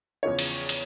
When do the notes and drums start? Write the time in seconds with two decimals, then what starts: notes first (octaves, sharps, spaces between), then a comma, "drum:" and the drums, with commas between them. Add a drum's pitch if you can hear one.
0.23 E2 C#3 F3 C#5
0.39 drum: cymbal
0.69 drum: cymbal